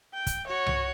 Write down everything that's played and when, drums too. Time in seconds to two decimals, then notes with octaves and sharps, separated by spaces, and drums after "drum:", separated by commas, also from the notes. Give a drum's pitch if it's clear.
0.13 G5
0.27 drum: kick, hi-hat
0.47 F#4 C#5
0.66 drum: tom C2